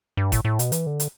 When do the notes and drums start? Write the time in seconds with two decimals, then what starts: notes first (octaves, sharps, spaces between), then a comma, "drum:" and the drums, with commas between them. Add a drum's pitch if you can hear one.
0.17 G2
0.32 A2, drum: kick, hi-hat
0.45 A2
0.59 B2, drum: hi-hat
0.72 E3, drum: hi-hat
0.86 D3
1.00 drum: hi-hat